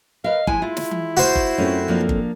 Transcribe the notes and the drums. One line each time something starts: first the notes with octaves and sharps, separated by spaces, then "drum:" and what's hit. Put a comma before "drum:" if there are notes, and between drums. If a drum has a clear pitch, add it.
A#4 B4 D#5 F5
F3 G#3 E4 G#5, drum: kick G1
E4 F4
drum: snare
drum: tom E3
F#4 C5
drum: kick G1
F#2 A3 C4 C#4 F4
F3 A#3 D4
drum: kick G1